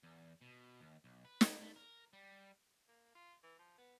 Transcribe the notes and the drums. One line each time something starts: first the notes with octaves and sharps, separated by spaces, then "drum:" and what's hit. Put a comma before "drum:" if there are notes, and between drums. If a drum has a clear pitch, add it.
E2
B2
D#2
B1
B4
F#4, drum: snare
A3
A#4
G3
A#3
F4
E3
F3
B3